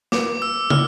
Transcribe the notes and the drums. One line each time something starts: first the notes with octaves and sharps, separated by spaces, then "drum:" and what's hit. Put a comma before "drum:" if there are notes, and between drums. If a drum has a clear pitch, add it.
D6, drum: snare
E6
F6, drum: tom